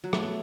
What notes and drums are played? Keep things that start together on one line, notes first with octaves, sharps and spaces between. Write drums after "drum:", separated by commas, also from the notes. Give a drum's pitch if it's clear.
F#3
A3, drum: rim click
B3